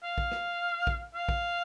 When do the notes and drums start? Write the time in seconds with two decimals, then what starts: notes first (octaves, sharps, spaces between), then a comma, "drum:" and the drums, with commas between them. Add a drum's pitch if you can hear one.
0.03 F5
0.18 drum: kick
0.32 drum: rim click
0.87 drum: kick
1.15 F5
1.29 drum: kick